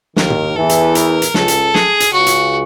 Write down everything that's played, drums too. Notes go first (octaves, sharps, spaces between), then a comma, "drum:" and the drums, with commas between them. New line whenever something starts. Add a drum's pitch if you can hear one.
D#2 D#3 A#4, drum: snare
drum: tom
E2 E3 A4
drum: hi-hat
A#4, drum: hi-hat
drum: hi-hat
C#2 C#3 A4, drum: snare
drum: hi-hat
G#4, drum: snare
drum: hi-hat
C#2 C#3 F#4
drum: hi-hat